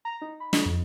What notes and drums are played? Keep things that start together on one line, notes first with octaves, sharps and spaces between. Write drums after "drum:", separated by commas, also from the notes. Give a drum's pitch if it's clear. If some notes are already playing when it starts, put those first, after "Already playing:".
A#5
D#4
B5
D#5, drum: snare
F2